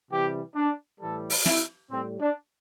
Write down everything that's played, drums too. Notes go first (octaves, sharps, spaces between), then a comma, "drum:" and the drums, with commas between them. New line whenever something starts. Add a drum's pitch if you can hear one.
C3 E3 G3 G4
D4
A2 E3 G3 A4
drum: open hi-hat
E4, drum: snare
A2 G3 C4
D4